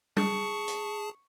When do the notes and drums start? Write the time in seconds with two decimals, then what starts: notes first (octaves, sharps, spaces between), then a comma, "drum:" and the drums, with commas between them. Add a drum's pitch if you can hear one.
0.17 G#4 A5 C#6, drum: tom
0.68 drum: hi-hat